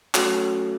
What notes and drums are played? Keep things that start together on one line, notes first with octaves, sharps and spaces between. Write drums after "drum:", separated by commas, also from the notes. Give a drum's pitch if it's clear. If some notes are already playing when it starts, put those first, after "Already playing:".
F#3 A3 C#4 F#4, drum: clap